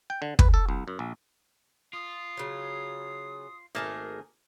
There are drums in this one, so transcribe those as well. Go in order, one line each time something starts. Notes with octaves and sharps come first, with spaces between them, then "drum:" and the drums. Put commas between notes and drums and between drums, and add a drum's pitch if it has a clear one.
G5
D3
B4, drum: kick
A4
C2
F#2
A#1
F4 D#6
C#3 F#3
G#1 A3 A#3 G#4 A#4 A5